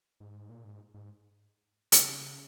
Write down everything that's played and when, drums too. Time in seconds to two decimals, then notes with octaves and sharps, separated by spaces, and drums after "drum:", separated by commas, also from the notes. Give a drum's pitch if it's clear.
0.20 G#2
0.50 A#2
0.64 G#2
0.94 G#2
1.92 B2, drum: hi-hat
1.97 C#3